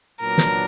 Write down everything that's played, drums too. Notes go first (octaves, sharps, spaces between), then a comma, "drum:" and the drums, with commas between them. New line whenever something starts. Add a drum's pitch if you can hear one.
A#2 F#3 B3 D4 A#4
drum: snare